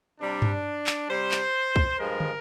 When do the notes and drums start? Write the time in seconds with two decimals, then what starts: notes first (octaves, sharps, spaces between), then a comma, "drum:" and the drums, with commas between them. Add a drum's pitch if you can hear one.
0.19 C3 G3 D4
0.42 drum: tom G2
0.87 drum: clap
1.08 C3 G3 C5
1.31 drum: clap
1.76 drum: kick
1.98 G2 F3 G#3 A#4
2.20 drum: tom